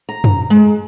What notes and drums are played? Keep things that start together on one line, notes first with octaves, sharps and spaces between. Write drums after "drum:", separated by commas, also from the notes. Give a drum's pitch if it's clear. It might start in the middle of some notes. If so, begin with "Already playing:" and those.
A#5
drum: tom F#2
G#3